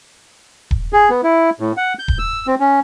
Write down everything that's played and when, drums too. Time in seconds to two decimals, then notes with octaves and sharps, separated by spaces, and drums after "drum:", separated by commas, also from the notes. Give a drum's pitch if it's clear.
0.71 drum: kick D#1
0.93 G#4
1.10 B3
1.23 E4
1.60 A2
1.77 F#5
1.99 G6
2.08 drum: kick D#1
2.19 E6
2.47 C4
2.60 C#4